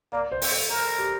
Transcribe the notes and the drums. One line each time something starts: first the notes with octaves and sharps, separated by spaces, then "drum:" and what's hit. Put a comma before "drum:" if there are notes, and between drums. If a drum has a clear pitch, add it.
A#3 D5
C5
C4, drum: open hi-hat
A4
A4 A#4
G4